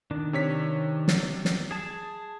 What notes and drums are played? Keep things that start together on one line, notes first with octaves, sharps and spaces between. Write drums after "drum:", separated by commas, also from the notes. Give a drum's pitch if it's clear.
D#3 D4
C3 C#5 B6
drum: snare
drum: snare
G#4 A5